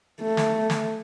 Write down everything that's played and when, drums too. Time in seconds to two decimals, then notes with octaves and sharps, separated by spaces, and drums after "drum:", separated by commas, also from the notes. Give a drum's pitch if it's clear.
0.21 A3
0.37 drum: snare
0.70 drum: snare